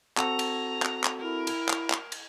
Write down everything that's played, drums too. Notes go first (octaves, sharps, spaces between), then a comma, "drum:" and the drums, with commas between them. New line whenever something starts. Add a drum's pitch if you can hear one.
C4 F#4 A4 A#5, drum: clap
drum: cymbal
drum: clap
drum: clap
E4 A#4
drum: cymbal
drum: clap
drum: clap
drum: cymbal